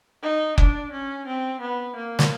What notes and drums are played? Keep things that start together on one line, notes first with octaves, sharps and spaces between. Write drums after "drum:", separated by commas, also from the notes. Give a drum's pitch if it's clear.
D#4
D4, drum: kick F#1
C#4
C4
B3
A#3
drum: snare